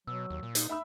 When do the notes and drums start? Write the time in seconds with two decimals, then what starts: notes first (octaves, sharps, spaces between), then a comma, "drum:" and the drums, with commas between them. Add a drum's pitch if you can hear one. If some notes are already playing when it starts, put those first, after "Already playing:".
0.07 B2 F#3 E6
0.30 D#2
0.43 A#2
0.55 D#4, drum: hi-hat
0.69 D#4 E5 B5 E6